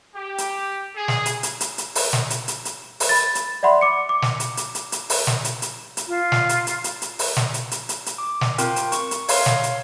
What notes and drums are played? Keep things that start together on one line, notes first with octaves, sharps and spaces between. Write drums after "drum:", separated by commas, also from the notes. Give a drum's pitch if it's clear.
G4
drum: hi-hat
G#4
drum: snare
drum: hi-hat
drum: hi-hat
drum: hi-hat
drum: hi-hat
drum: open hi-hat
drum: snare
drum: hi-hat
drum: hi-hat
drum: hi-hat
drum: open hi-hat
B5 A6
drum: hi-hat
D5 E5 F#5 B5 C6
D6 C#7
D6
drum: snare
drum: hi-hat
drum: hi-hat
drum: hi-hat
drum: hi-hat
drum: open hi-hat
drum: snare
drum: hi-hat
drum: hi-hat
drum: hi-hat
F4 F5
drum: snare
drum: hi-hat
drum: hi-hat
drum: hi-hat
drum: hi-hat
drum: open hi-hat
drum: snare
drum: hi-hat
drum: hi-hat
drum: hi-hat
drum: hi-hat
D6
drum: snare
C4 F4 A#4 G5, drum: hi-hat
drum: hi-hat
C#6, drum: hi-hat
drum: hi-hat
C#5 F5 C6, drum: open hi-hat
drum: snare
drum: hi-hat